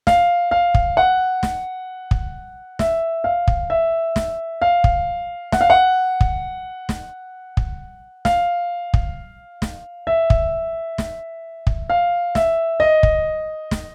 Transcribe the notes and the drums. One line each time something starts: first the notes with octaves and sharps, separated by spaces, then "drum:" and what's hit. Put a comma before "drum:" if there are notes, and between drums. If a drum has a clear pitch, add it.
F5, drum: snare
F5
drum: kick
F#5
drum: snare
drum: kick
E5, drum: snare
F5
drum: kick
E5
drum: snare
F5
drum: kick
F#5, drum: snare
F5
F#5
drum: kick
drum: snare
drum: kick
F5, drum: snare
drum: kick
drum: snare
E5
drum: kick
drum: snare
drum: kick
F5
E5, drum: snare
D#5
drum: kick
drum: snare